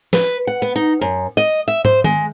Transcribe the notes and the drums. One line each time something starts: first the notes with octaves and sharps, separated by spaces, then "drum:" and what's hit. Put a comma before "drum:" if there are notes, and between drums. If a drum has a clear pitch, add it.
B4, drum: snare
F#5
B3
D#4
F#2
D#5
E5
C5, drum: tom
G#3, drum: tom D#3